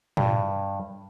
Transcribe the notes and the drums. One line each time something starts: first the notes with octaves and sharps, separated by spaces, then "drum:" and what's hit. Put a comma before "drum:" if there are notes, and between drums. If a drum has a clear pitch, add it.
G2, drum: tom